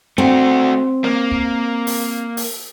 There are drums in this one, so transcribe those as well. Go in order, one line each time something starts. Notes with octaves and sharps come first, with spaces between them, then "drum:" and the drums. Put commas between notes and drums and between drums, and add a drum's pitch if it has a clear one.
A3 C4 F#4
A#3, drum: snare
drum: kick
drum: open hi-hat
drum: open hi-hat